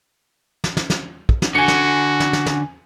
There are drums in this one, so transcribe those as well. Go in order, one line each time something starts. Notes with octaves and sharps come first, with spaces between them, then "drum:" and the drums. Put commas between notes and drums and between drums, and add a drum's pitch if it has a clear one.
drum: snare
drum: snare
drum: snare
drum: kick
drum: snare
D3 F#4 G#5 C#7
drum: snare
drum: snare
drum: snare
drum: snare